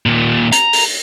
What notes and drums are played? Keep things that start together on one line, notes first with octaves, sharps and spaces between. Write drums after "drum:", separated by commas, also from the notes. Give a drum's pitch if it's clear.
D#2 A#2
A#5, drum: hi-hat
drum: open hi-hat